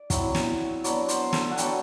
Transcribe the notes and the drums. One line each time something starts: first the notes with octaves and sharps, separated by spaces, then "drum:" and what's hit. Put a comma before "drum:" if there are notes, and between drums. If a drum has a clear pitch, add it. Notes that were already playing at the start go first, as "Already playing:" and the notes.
Already playing: D5
F#3 C4 E4, drum: kick, hi-hat
drum: snare
F#3 B3 D4 D5, drum: hi-hat
C5, drum: hi-hat
A4, drum: snare
F#5
F#3 B3 D4 G5, drum: hi-hat